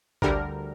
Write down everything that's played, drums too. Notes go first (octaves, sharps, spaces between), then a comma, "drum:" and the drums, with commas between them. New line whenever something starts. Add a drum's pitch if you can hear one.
D2 D3 G3 A#4, drum: kick